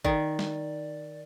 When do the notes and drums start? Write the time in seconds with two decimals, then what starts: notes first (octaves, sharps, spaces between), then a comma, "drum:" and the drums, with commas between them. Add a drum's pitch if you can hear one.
0.05 D#3 D5, drum: kick G#1
0.39 drum: snare